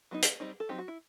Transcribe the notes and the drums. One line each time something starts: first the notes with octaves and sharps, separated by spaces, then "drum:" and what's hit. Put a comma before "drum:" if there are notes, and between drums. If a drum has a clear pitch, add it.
F#3 B3 D#4
drum: hi-hat
G3 C4 D#4
A4
F#3 C4 D#4 G4
F#4
E4